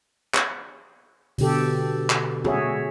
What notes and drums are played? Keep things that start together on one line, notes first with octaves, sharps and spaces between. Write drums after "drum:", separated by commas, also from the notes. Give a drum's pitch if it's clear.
drum: clap
B2 D3 G4 A4, drum: open hi-hat
drum: clap
F#4 G#4 C#5 E5, drum: tom